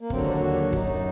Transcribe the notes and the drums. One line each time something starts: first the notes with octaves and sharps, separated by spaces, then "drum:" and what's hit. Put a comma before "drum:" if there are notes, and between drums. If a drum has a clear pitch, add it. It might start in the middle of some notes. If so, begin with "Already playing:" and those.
A#3
D#2 D3 F#3 C4, drum: kick
D4
F#4
G4
F#4
F#2 F#3 D#4, drum: kick